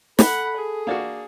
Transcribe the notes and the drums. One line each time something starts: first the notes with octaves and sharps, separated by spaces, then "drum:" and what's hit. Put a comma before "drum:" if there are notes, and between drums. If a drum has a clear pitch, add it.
A4 F#5 B5, drum: snare
G#4
A#3 D4 F#4